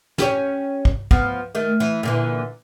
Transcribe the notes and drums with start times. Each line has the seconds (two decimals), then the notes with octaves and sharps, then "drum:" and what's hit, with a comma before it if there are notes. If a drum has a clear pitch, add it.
0.18 C#4 G4 C#5, drum: snare
0.85 drum: kick
1.11 F3 B3, drum: kick
1.55 D#3 A3
1.80 E3
2.03 A#2 D3 E3